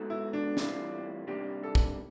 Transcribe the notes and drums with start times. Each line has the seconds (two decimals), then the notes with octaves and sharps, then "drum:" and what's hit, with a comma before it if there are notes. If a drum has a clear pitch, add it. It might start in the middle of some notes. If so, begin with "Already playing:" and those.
Already playing: G#3 B3 D#4 F#4 A4
0.10 E4
0.33 D4
0.57 A2 E3 G3 C4 F4, drum: snare
1.27 C3 D#3 G3 A#3 D4 G4
1.63 A4
1.75 drum: kick